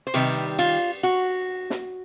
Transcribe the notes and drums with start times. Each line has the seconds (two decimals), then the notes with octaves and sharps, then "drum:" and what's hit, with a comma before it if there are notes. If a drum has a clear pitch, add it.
0.07 C5
0.14 C3 D#3 G3 B4, drum: cymbal
0.59 F4, drum: cymbal
1.03 F#4
1.70 drum: snare